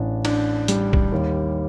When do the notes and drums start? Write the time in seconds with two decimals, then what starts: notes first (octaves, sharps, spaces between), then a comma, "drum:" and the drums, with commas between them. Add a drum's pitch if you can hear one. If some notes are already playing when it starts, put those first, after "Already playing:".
Already playing: A1 D4
0.25 D4, drum: cymbal
0.68 G3, drum: hi-hat
0.93 drum: kick
1.12 D#2